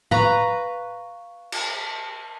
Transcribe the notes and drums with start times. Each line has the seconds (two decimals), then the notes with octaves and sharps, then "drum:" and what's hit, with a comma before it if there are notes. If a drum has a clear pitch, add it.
0.11 B4 F5 A#5 C#6, drum: tom A2
1.52 drum: cymbal